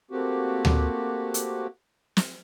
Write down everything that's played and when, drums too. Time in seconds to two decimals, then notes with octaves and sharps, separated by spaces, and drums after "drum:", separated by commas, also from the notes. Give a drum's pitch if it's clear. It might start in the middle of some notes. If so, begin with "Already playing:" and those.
0.11 A3 A#3 C4 F#4 G4
0.65 drum: tom D2
1.34 drum: hi-hat
2.17 drum: snare